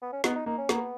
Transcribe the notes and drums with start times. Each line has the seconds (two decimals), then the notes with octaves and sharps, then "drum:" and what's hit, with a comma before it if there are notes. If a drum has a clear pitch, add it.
0.02 B3
0.13 C#4
0.24 B3 D#4, drum: snare
0.35 D#4
0.46 A#3 D#4
0.58 C#4
0.69 A#3 B3, drum: snare